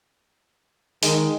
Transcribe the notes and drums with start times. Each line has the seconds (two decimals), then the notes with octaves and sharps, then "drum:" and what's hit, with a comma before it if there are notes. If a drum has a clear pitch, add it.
1.03 D#3 G#3, drum: open hi-hat